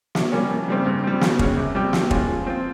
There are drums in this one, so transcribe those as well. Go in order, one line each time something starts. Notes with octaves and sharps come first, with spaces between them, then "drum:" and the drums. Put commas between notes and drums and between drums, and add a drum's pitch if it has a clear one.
C3, drum: snare
G3 A#3 C#4
F2
C#3 G3 C4
G2
G3 C4
C#3, drum: snare
G#3 C#4, drum: kick
C3
G3 C4 G4
F3, drum: snare
G#3 C#4 F4, drum: kick
F3
C4 F4